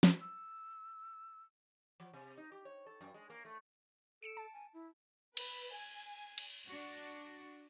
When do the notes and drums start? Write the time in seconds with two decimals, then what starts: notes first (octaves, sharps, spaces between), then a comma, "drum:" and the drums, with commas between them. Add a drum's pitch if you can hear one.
0.03 drum: snare
0.21 E6
2.00 F3
2.14 C3
2.37 D#4
2.52 G4
2.65 C#5
2.86 A4
3.01 F#2
3.14 G#3
3.30 A#3
3.45 A3
4.23 A4 C#7 D7 E7
4.37 A5
4.53 G#5
4.74 E4
5.37 B4, drum: cymbal
5.74 G#5
6.38 drum: cymbal
6.67 D4 F#4